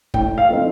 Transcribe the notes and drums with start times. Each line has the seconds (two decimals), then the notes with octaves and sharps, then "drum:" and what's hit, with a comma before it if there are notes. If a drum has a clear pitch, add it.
0.14 A2 G5, drum: kick
0.38 F5
0.49 F3 A3 C4 D#4